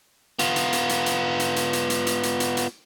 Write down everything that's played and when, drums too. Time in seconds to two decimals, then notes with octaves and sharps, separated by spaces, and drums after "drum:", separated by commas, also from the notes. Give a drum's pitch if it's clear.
0.39 B3 F4, drum: hi-hat
0.56 drum: hi-hat
0.73 drum: hi-hat
0.89 drum: hi-hat
1.06 drum: hi-hat
1.40 drum: hi-hat
1.56 drum: hi-hat
1.73 drum: hi-hat
1.90 drum: hi-hat
2.07 drum: hi-hat
2.23 drum: hi-hat
2.40 drum: hi-hat
2.57 drum: hi-hat